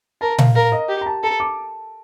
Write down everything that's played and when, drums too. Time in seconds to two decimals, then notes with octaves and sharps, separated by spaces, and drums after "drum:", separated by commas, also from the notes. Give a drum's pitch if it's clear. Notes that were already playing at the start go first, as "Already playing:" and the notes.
0.21 A#4 A5
0.38 F5, drum: tom A#2
0.55 A#4 F5
0.72 D#5
0.89 G4
1.01 A#5
1.06 A5
1.23 A4 A#5
1.40 D6